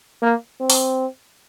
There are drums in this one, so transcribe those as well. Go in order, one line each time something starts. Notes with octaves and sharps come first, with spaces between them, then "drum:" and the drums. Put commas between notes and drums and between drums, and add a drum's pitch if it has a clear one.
A#3
C4
drum: open hi-hat